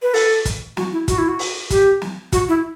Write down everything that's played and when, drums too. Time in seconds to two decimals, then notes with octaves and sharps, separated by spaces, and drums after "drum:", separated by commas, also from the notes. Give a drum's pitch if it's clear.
0.02 B4
0.14 A4, drum: open hi-hat
0.45 drum: kick, hi-hat
0.77 F#4, drum: snare
0.92 E4
1.08 F#4, drum: kick, hi-hat
1.18 E4
1.28 F#4
1.39 drum: open hi-hat
1.70 G4, drum: kick, hi-hat
2.02 drum: snare
2.32 F#4, drum: kick, hi-hat
2.48 E4